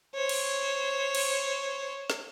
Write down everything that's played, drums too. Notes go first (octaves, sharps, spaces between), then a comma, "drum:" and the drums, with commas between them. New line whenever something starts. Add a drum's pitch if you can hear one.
C5 C#5
drum: cymbal
drum: cymbal
drum: snare